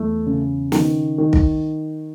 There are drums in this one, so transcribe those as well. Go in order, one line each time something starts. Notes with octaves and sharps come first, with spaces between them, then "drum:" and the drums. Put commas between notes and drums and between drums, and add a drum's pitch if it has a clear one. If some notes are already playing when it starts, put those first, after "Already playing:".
Already playing: E2 A3
C#3
D#3, drum: snare
D#3
drum: kick